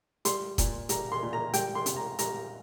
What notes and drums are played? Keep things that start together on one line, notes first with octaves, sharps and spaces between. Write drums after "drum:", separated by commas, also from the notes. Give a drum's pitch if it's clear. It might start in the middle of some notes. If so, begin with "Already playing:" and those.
G3 C6, drum: hi-hat
A#2, drum: kick E1, hi-hat
G3 A#5, drum: hi-hat
C6
A#2
A#5
G3 G5, drum: hi-hat
C6
C3, drum: hi-hat
A#5
G3 A#5, drum: hi-hat